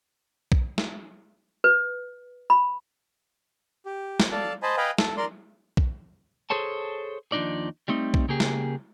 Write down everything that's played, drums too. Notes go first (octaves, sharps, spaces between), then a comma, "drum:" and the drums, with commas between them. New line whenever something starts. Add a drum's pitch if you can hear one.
drum: kick B1
drum: snare
B4
B5
G4
drum: snare
A4 D5 F5 A5
C5 D#5 G#5 A5 B5
B4 D#5 F5 G5 G#5 B5
A4, drum: snare
A#4 D5 C6
drum: kick B1
G#4 A4 C5 C#5 A5
D#2 F3 F#3 D4 D#4 D5
G3 A3 C4 D#4
drum: kick B1
C#3 A#3 G4 G#4
drum: snare